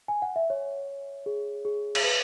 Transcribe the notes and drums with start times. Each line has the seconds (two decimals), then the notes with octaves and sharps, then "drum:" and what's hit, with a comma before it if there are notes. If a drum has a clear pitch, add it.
0.08 G#5
0.22 F#5
0.36 E5
0.50 C#5
1.26 G#4
1.65 G#4
1.95 G#4, drum: cymbal
2.04 B4